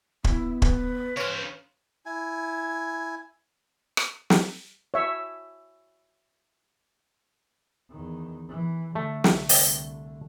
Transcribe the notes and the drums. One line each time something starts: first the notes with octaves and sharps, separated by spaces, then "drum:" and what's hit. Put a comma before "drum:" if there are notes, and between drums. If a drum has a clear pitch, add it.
B3 E4, drum: kick
B4, drum: kick
C#3 C5 C#5 F6
E4 G#5
drum: rim click
drum: snare
C#5 E5
E2 D#3
E3
D3 A3
C2 D3, drum: snare
drum: open hi-hat